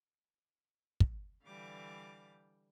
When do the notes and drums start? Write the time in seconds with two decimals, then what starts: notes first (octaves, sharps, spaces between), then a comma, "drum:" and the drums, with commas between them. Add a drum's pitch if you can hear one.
1.00 drum: kick
1.44 D3 E3 G3 F5 D6